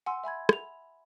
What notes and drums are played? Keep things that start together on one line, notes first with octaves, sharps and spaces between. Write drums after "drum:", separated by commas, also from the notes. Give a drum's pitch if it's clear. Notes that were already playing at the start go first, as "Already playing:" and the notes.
F#5 G#5 C6 E6
E5 G#5 B5 G#6
B5 F7, drum: rim click